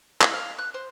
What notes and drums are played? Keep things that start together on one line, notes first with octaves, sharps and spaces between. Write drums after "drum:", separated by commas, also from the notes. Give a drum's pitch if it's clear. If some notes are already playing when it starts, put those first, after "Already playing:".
E4, drum: clap
F5
F#6
C5